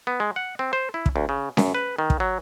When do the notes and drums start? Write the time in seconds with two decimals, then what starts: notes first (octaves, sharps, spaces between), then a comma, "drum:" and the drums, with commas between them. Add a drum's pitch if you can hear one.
0.07 B3
0.20 G#3
0.36 F#5
0.59 C4
0.73 C5
0.94 E4
1.06 drum: kick
1.16 D2
1.29 C#3
1.57 F#2, drum: snare C#4
1.75 B4
1.98 D#3
2.10 drum: kick
2.20 F#3